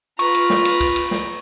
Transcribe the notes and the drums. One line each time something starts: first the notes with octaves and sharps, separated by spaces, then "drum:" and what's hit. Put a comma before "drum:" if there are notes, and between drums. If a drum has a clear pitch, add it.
F4 B4 A#5 C#6, drum: cymbal
drum: cymbal
drum: snare
drum: cymbal
drum: kick, cymbal
drum: cymbal
drum: snare